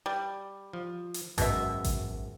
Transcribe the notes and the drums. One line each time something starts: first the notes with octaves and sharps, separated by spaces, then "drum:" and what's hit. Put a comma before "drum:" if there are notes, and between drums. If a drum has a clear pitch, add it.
G3
F3
drum: hi-hat
G#1 F#2 B2 E5, drum: kick A1, hi-hat
drum: kick A1, hi-hat